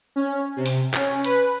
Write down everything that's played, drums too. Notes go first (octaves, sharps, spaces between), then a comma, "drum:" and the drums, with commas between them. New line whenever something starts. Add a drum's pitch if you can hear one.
C#4
C3
drum: open hi-hat
C#4, drum: clap
B4, drum: hi-hat